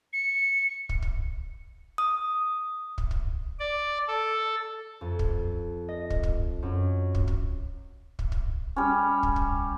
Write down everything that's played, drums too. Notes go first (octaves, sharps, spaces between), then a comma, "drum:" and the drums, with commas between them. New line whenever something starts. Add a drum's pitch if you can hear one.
C#7
drum: kick
drum: kick
D#6
drum: kick
drum: kick
D5
A4
F2
drum: kick
D#5
drum: kick
drum: kick
F#2
drum: kick
drum: kick
drum: kick
drum: kick
G3 C#4
drum: kick
drum: kick